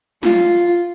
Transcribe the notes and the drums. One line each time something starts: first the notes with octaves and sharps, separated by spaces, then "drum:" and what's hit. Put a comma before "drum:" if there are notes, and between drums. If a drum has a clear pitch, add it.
F4, drum: snare